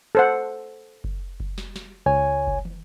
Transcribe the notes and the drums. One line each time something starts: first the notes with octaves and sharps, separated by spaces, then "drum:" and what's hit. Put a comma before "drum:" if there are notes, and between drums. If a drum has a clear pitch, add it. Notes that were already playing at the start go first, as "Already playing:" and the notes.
A4 C5 F#5
drum: kick F#1
drum: kick F#1
drum: snare
drum: snare
C#2 C#5 G#5
drum: kick F#1
drum: tom